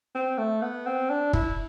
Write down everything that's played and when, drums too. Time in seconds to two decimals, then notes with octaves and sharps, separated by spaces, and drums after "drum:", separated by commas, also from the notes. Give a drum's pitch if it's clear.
0.15 C4
0.38 A3
0.62 B3
0.86 C4
1.10 D4
1.33 E4, drum: kick